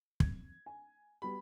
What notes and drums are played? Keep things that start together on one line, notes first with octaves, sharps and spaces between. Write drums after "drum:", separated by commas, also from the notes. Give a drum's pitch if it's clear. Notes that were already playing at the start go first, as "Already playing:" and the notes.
G#6, drum: kick
G#5
G3 B3 F#4 B5